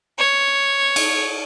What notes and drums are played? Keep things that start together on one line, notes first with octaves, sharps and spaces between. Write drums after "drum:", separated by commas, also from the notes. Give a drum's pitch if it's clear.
C#5
drum: cymbal